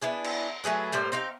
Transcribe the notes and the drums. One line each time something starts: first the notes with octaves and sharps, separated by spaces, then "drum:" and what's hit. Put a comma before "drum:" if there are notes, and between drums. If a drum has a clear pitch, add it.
B3 D4 E4 G#4
drum: cymbal
F#3 A3 G#4 B4
A2 G3 A#3 C5
C4 D#4 G4 F5